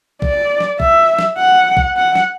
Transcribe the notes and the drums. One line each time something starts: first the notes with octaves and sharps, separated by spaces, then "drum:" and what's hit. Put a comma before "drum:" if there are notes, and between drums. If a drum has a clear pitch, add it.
D5, drum: kick B1
drum: snare
E5, drum: kick B1
drum: snare
F#5
drum: kick B1
F#5
drum: snare